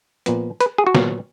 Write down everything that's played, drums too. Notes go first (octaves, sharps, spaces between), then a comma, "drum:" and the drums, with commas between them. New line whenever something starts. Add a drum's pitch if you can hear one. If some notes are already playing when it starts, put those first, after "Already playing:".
A#2 F3 B3, drum: hi-hat
B4, drum: hi-hat
G#4
F#4
A#2 F#3 B3, drum: snare